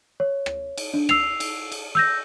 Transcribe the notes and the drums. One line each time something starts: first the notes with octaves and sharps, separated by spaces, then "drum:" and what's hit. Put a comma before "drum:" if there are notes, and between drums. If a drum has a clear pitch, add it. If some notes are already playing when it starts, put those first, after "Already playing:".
C#5
drum: rim click
drum: cymbal
D4
E6 C7 F7, drum: rim click
drum: cymbal
drum: cymbal
E6 G6 A#6